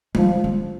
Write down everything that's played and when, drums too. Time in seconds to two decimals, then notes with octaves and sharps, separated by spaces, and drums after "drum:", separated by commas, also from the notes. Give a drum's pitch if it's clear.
0.15 F3 G#3, drum: tom G3
0.44 C4